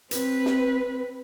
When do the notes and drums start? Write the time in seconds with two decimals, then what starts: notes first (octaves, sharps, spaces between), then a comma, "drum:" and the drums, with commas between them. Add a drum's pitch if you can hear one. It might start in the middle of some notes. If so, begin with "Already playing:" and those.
0.11 C4 B4, drum: hi-hat
0.46 drum: snare